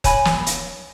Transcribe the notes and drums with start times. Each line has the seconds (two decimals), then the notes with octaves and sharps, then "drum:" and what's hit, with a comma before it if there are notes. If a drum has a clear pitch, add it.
0.04 C#5 G#5 B5, drum: kick D#1, hi-hat
0.25 drum: snare
0.46 drum: hi-hat